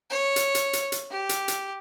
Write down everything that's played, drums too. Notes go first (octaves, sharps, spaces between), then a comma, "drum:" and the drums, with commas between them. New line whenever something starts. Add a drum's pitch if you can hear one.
C#5
drum: hi-hat
drum: hi-hat
drum: hi-hat
drum: hi-hat
G4
drum: hi-hat
drum: hi-hat